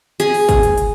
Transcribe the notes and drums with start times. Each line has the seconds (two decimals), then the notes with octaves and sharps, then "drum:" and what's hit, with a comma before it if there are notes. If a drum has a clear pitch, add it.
0.20 G#4, drum: hi-hat
0.34 drum: open hi-hat
0.49 drum: kick, hi-hat
0.63 drum: hi-hat
0.78 drum: hi-hat